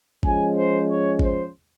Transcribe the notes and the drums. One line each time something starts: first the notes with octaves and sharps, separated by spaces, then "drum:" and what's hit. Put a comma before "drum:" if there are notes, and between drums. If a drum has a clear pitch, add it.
F3 G#3 C#4 G#5, drum: kick G#1
C5
C#5
C5, drum: kick G#1